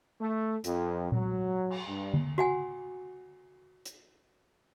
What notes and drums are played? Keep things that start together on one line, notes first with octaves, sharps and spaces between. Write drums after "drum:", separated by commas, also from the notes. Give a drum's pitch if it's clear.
A3
F2, drum: hi-hat
F#3, drum: tom A#2
drum: cymbal
G2
drum: tom D3
F#4 F#5 G#5
drum: hi-hat